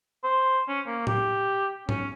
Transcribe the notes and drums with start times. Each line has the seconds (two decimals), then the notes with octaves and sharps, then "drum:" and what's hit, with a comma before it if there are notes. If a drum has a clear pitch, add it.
0.24 C5
0.69 C#4
0.87 A#3
1.07 G4, drum: tom A2
1.89 C#4, drum: tom G#2